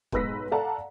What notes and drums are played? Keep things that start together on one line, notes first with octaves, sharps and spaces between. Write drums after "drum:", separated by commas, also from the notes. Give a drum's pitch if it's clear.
B1 G#2 B4 E6 A#6 B6, drum: kick
A4 D5 F5 F#5 A5 A#5